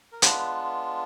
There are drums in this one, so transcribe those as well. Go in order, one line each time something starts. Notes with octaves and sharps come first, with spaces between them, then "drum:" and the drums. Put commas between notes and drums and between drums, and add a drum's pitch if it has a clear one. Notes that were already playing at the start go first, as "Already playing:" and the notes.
A#4
G#3 B3 D4 F4 B4, drum: hi-hat